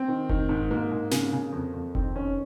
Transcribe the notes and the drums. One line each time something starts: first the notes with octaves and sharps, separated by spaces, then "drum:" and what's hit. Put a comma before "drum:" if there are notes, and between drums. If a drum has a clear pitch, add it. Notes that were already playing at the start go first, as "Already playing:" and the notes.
Already playing: C4
D#3
D#3, drum: kick F1
G#2
G#2 A#3
G#2
C#3 A#3, drum: snare
C#3
F2
F2
D#3 C4, drum: kick F1
D#3 C#4